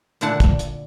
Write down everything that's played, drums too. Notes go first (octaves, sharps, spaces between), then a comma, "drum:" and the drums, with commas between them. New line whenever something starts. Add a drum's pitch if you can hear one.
A#2 D3 D4 E4 F#5 A5, drum: hi-hat
drum: kick, hi-hat
drum: hi-hat